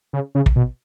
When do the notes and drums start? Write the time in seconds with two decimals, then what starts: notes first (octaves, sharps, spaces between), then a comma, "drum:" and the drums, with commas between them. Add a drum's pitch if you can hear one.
0.13 C#3
0.35 C#3
0.46 drum: kick
0.56 B2